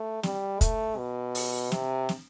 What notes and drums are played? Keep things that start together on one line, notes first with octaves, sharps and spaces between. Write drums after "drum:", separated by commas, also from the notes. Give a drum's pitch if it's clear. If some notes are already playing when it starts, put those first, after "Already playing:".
Already playing: A3
G3, drum: snare
A3, drum: kick, hi-hat
B2
drum: open hi-hat
C3, drum: snare
drum: snare